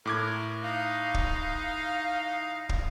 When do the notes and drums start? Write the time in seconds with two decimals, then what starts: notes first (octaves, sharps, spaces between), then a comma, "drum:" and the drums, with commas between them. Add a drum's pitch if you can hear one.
0.05 A2 A#4 D6 G#6
0.63 D#4 F5
1.14 drum: kick
2.69 drum: kick